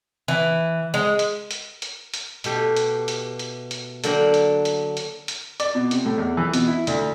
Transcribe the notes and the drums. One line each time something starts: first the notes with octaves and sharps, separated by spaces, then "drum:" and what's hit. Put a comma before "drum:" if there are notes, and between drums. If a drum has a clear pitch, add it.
E3
G#3
drum: hi-hat
drum: hi-hat
drum: hi-hat
drum: hi-hat
B2 A3 G4, drum: hi-hat
drum: hi-hat
drum: hi-hat
drum: hi-hat
drum: hi-hat
D3 F#3 A#3 A#4 G5, drum: hi-hat
drum: hi-hat
drum: hi-hat
drum: hi-hat
drum: hi-hat
D5, drum: hi-hat
B2
C3, drum: hi-hat
A2
E2
E3
B2, drum: hi-hat
E4
D2, drum: hi-hat